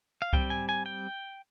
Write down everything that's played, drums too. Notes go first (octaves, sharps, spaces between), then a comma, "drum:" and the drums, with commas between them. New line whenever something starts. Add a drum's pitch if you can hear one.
F5
G3 C4 G5, drum: kick C2
G#5
G#5
G5